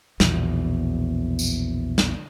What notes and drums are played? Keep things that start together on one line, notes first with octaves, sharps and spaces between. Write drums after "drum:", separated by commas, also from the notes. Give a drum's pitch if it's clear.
A#1 E2 B2, drum: snare
drum: tambourine
drum: snare